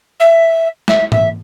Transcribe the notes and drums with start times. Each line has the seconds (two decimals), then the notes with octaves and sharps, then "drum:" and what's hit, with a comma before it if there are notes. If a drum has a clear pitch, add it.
0.19 E5
0.88 E5, drum: snare
1.12 E5, drum: tom G#2